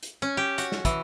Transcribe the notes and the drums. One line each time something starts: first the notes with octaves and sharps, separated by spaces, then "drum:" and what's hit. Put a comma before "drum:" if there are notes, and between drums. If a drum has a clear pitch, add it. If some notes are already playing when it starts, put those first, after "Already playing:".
drum: hi-hat
C#4
G4
F#4, drum: hi-hat
drum: snare
E3, drum: kick, hi-hat